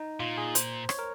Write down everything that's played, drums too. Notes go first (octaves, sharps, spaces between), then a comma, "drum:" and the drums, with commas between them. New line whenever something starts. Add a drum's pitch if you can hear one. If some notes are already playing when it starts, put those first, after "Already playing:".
Already playing: D#4
A#2 F4
G#4
C5, drum: hi-hat
C#5, drum: rim click
A#4